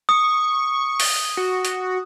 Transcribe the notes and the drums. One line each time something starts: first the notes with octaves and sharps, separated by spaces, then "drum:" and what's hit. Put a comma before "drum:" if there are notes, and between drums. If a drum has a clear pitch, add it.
C#6 D#6
drum: open hi-hat
F#4
drum: hi-hat